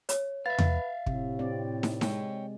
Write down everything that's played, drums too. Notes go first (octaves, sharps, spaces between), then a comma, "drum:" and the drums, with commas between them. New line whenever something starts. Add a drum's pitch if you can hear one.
C#5, drum: hi-hat
B4 E5 F5 A6
drum: tom E2
A2 C3, drum: kick
C4 D5
drum: snare
G#3 C#5 G5, drum: snare